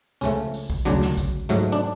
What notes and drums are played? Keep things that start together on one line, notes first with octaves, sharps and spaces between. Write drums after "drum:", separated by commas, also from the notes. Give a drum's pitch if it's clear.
C#2 C#3 F3 A3 C#4, drum: hi-hat
drum: open hi-hat
drum: kick A1
D2 C#3 F#3 D4, drum: hi-hat
drum: snare
drum: kick A1, hi-hat
G#2 F#3 A3, drum: hi-hat
D4